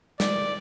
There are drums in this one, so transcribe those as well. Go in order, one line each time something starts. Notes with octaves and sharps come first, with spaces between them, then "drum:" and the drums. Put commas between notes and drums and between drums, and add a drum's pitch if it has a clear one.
D5, drum: snare